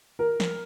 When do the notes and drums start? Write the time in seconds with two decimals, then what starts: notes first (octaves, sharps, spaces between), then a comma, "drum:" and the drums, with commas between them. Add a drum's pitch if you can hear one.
0.19 A#4
0.40 drum: snare